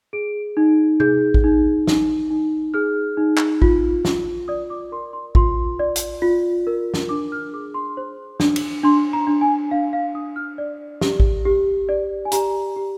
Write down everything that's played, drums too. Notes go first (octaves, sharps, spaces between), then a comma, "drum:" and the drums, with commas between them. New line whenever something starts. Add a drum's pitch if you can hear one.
G#4 D7
D#4
G#4 G6, drum: tom C3
drum: kick A1
D#4
D#4, drum: snare
D#4
G#4 F6
D#4
drum: clap
F4, drum: kick A1
F4, drum: snare
D5 D#6
D6
A#4 C6
C6
F4 C6, drum: kick A1
D5
drum: hi-hat
F4
A#4
drum: snare
D4 D6
F6
G#4 D6
C6
C5
D4, drum: snare
drum: cymbal
D4 C6
A#5
D4
G#5
D4 F5
F5
D4 D#6
F6
D5
G4, drum: snare
drum: kick A1
G4
D5
G#5
G4 A#5, drum: hi-hat
G4